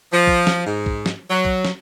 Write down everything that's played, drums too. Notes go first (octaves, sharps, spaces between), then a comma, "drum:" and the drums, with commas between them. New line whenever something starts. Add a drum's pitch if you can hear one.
F3
drum: kick
drum: snare
G#2
drum: kick
drum: snare
F#3
drum: kick
drum: snare